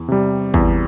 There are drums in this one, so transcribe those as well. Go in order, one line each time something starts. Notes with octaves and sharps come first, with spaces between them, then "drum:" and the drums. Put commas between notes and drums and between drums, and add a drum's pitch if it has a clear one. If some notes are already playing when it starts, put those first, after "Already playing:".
Already playing: E2
C3 G3
E2, drum: kick